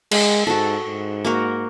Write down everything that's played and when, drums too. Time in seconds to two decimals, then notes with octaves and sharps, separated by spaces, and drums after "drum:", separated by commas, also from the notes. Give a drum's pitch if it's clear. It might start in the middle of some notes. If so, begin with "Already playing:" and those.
0.11 G#3, drum: cymbal
0.47 G#2 F#4 A4
0.85 G#2
1.25 A#3 F#4 A#4